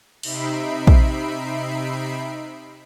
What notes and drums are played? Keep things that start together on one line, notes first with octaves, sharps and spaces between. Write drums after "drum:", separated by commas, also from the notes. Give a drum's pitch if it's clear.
C3 D#4 E5 B5 C7 D7, drum: cymbal
drum: kick